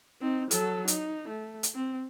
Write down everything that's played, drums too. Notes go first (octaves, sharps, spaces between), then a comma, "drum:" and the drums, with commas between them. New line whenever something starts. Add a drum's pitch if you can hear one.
C4 D#4
F#3 A4, drum: hi-hat
D#4, drum: hi-hat
A3
drum: hi-hat
C4